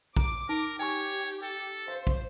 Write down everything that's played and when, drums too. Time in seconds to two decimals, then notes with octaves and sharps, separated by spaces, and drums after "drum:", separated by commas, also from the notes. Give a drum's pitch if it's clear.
0.17 A#5 D6, drum: kick
0.49 D#4 A#4
0.79 G4 C#5 G5 G#5 C#6
1.43 A4
1.88 C5 F5
2.07 drum: kick